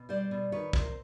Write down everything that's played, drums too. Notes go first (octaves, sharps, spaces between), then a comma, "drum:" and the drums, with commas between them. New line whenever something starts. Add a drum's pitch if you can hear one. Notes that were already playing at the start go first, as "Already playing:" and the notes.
Already playing: B2
G3 C5 D5
B2
D#3 B4 C#5
C3 A#4 C5, drum: kick